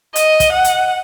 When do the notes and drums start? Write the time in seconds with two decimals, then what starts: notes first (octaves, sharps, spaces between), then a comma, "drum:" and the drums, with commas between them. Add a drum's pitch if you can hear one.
0.16 D#5, drum: hi-hat
0.40 drum: kick, hi-hat
0.52 F#5
0.64 drum: hi-hat